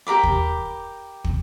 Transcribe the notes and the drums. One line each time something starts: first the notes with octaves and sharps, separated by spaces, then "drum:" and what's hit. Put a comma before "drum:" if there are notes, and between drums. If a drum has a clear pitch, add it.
G4 A#4 B5 D6
drum: kick
drum: kick